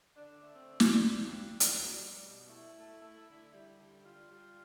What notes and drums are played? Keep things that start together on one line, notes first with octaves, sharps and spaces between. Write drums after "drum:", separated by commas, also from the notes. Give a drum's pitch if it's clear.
D3 D4
A3
C4
D3
drum: snare
G2 D4
G2
G2
drum: hi-hat
B2
G3
B2
A3 E4
A3
A3
D3
G3
D3
G3 F4
G3